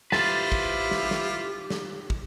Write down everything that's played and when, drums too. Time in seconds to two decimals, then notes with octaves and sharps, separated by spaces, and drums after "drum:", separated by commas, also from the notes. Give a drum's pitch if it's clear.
0.12 E4 F4 G4 B4 C5 A6 B6 E7, drum: snare
0.52 drum: kick
0.91 drum: snare
1.11 drum: snare
1.70 drum: snare
2.10 drum: kick